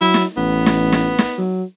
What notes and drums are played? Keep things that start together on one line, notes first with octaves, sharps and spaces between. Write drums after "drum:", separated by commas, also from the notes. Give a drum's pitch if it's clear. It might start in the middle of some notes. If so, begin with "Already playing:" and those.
F#3 E4
drum: snare
A1 B3
drum: snare
drum: snare
drum: snare
F#3